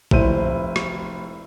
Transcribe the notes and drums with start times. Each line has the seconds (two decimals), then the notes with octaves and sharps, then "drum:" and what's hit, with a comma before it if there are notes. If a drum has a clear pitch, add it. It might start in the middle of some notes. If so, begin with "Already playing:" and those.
0.11 F1 E4 C5 D#7, drum: kick
0.76 drum: rim click